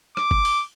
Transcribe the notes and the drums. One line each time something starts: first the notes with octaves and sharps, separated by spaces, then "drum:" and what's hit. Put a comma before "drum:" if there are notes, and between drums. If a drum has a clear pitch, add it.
D6, drum: rim click
drum: kick
drum: open hi-hat